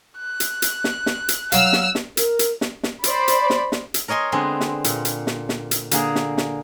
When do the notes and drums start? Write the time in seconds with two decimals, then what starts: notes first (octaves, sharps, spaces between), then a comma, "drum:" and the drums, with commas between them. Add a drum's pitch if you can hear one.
0.18 F#6
0.40 drum: hi-hat
0.62 drum: hi-hat
0.84 drum: snare
1.06 drum: snare
1.29 drum: hi-hat
1.52 F#3 F5 E6 F6, drum: hi-hat
1.73 drum: snare
1.95 drum: snare
2.17 A#4, drum: hi-hat
2.39 drum: hi-hat
2.61 drum: snare
2.83 drum: snare
3.04 C5 D5 B5, drum: hi-hat
3.28 drum: hi-hat
3.50 drum: snare
3.72 drum: snare
3.94 drum: hi-hat
4.08 A#4 C#5 D#5 G#5 C6
4.32 D3 G#3 B3 C4 D#5 G#5
4.60 drum: snare
4.84 A#2, drum: hi-hat
5.05 drum: hi-hat
5.27 drum: snare
5.49 drum: snare
5.71 drum: hi-hat
5.91 D3 A#3 G#4, drum: hi-hat
6.15 drum: snare
6.38 drum: snare